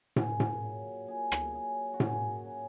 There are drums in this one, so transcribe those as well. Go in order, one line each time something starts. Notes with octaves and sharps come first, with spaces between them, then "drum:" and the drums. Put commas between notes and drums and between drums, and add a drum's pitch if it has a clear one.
A#2 G#4, drum: tom A2
drum: tom A2
F#3
A#2 G#4
drum: rim click
F#3 G#4
F#4
F#2 G#4, drum: tom A2
F#3